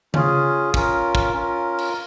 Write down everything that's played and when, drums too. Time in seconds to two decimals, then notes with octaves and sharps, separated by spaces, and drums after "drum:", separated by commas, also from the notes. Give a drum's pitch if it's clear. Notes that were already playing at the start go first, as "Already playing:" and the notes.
0.14 C#4 F4 G#4, drum: tom C#3
0.74 C#4 F4 A#4, drum: kick
1.15 drum: kick
1.33 C#4 F4 A#4
1.78 drum: cymbal